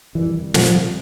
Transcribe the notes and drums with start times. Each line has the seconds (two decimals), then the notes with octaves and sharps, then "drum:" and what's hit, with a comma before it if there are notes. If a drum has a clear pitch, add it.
0.15 F2 C3 D#3 E3 G3
0.54 F3, drum: snare